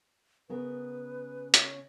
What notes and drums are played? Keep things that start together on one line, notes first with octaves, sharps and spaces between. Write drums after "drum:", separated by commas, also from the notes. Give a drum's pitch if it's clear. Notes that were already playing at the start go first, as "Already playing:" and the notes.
C#3 B3 A#4 B4
C#5, drum: hi-hat